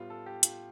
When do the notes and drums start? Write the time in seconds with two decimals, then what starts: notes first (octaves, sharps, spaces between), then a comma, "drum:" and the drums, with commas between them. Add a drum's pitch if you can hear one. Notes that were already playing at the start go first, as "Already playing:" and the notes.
Already playing: A2 G3 B3 F4
0.10 A4
0.26 G4
0.43 F4, drum: hi-hat